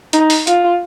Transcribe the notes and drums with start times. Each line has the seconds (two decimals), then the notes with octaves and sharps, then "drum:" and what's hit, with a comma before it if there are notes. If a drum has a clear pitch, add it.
0.13 D#4, drum: hi-hat
0.30 drum: open hi-hat
0.47 F4, drum: hi-hat